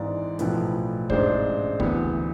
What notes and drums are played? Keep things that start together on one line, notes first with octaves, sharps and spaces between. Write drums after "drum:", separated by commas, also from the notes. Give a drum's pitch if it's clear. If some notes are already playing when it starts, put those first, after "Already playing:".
Already playing: G#1 G#2 E3 D5
B1 A2 F3 B3, drum: hi-hat
A1 G#2 G#3 D4 C5, drum: kick
D2 C3 E3 B3, drum: kick